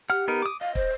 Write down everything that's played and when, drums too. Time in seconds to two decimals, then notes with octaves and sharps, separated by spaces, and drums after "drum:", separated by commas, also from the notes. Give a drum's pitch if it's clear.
0.10 G4 F#5 F6
0.28 B3 D#4 A#4
0.42 D6 D#6
0.61 D#5 F5
0.75 C5, drum: kick